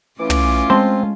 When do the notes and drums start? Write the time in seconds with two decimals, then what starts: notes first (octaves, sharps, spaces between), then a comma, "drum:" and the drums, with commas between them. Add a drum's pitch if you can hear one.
0.20 E3 A3 C#4 F4 D6
0.30 drum: tom
0.70 G#3 C4 A5 C6